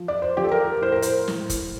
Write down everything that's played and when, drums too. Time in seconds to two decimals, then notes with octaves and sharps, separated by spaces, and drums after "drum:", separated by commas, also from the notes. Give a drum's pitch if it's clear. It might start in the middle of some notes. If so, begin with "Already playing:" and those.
Already playing: F3
0.08 D5
0.22 C5
0.37 F3 G4
0.45 A4
0.52 A#4
0.81 A2 C5
0.92 A#4
1.02 C5, drum: hi-hat
1.28 A2, drum: snare
1.50 drum: kick, hi-hat